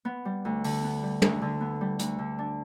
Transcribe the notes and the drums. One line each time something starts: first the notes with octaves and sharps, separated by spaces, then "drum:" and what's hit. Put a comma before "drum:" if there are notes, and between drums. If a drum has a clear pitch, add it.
B3
G3
D2
D3, drum: open hi-hat
B3
G3
D2, drum: tom
D3
B3
G3
D2, drum: hi-hat
D3
D4